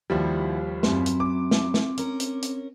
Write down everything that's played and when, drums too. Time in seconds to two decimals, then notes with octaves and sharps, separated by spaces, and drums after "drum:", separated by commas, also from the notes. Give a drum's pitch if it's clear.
0.10 D#2 D#3 F3 G3 E4 F#4
0.83 F#2 F#3 C4 E4, drum: snare
1.06 drum: hi-hat
1.20 D6
1.51 drum: snare
1.74 drum: snare
1.97 C#4 A#4, drum: hi-hat
2.20 drum: hi-hat
2.42 drum: hi-hat